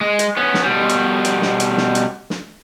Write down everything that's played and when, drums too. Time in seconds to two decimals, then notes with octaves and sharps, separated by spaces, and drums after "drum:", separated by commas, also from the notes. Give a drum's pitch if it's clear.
0.01 G#3
0.19 drum: hi-hat
0.37 B3 C#4
0.54 drum: snare
0.63 B2 G3
0.89 drum: hi-hat
1.25 drum: hi-hat
1.42 drum: snare
1.60 drum: hi-hat
1.77 drum: snare
1.95 drum: hi-hat
2.30 drum: snare